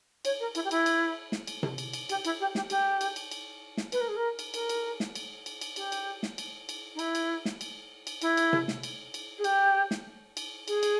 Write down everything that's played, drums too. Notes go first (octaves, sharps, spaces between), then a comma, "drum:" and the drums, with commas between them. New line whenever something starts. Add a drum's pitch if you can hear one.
C#5, drum: cymbal
A#4
E4, drum: cymbal
G4
E4, drum: cymbal
drum: cymbal
drum: snare
drum: cymbal
drum: tom C3
drum: cymbal
drum: cymbal
G4, drum: cymbal
E4, drum: cymbal
G4
G4, drum: snare
G4, drum: cymbal
drum: cymbal
drum: cymbal
drum: cymbal
drum: snare
B4, drum: cymbal
A#4
G#4
A#4
drum: cymbal
A#4, drum: cymbal
drum: cymbal
drum: snare
drum: cymbal
drum: cymbal
drum: cymbal
G4, drum: cymbal
drum: cymbal
drum: snare
drum: cymbal
drum: cymbal
D#4
E4, drum: cymbal
drum: cymbal
drum: snare
drum: cymbal
drum: cymbal
E4, drum: cymbal
drum: cymbal
drum: tom C3
drum: snare
drum: cymbal
drum: cymbal
G#4
G4, drum: cymbal
drum: snare
drum: cymbal
G#4, drum: cymbal
drum: cymbal